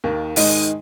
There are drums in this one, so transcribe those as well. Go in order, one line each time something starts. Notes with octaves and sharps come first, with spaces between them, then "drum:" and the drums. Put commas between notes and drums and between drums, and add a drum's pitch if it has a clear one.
D#2 D#3 A#3
G#2 D#3 G#3 D#4, drum: open hi-hat